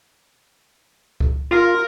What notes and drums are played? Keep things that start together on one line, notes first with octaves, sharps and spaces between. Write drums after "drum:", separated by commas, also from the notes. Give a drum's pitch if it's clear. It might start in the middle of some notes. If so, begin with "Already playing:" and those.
drum: kick C#2
F4 A#4